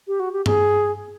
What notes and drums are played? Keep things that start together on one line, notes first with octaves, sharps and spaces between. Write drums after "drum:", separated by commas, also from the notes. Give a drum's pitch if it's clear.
G4
F#4
G4
G#4, drum: tom G2